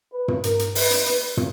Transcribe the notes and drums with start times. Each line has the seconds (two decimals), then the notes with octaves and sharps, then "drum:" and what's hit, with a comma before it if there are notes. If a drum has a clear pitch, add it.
0.13 B4
0.28 drum: tom
0.44 A#4, drum: hi-hat
0.59 drum: hi-hat
0.75 B4, drum: open hi-hat
0.91 drum: hi-hat
1.06 drum: hi-hat
1.37 drum: tom